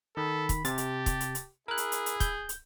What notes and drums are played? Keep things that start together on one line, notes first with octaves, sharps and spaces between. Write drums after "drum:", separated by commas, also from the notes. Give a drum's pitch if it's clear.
D#3 A4 B5
drum: kick, hi-hat
C3 G4 A5 A6, drum: hi-hat
drum: hi-hat
drum: kick, hi-hat
drum: hi-hat
drum: hi-hat
E4 G#4 A#4 F#6
drum: hi-hat
drum: hi-hat
drum: hi-hat
G6, drum: kick, hi-hat
drum: hi-hat